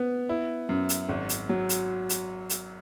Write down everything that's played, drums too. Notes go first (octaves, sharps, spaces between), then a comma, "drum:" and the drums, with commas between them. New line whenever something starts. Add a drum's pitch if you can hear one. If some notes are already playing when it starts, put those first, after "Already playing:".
Already playing: B3
E4
F#2
drum: hi-hat
G#1
drum: hi-hat
F#3
drum: hi-hat
drum: hi-hat
drum: hi-hat